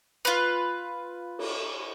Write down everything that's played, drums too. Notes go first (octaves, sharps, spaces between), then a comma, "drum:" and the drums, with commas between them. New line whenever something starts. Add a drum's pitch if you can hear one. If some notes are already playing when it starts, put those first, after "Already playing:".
F4 B4
drum: cymbal